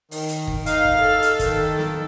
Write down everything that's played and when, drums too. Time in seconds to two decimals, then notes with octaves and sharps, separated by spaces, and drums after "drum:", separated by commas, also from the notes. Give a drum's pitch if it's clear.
0.11 D#3, drum: open hi-hat
0.29 drum: hi-hat
0.47 drum: kick
0.66 D#4 F5, drum: hi-hat
0.85 drum: kick
0.98 A4
1.22 drum: hi-hat
1.39 D#3, drum: kick, hi-hat
1.79 drum: snare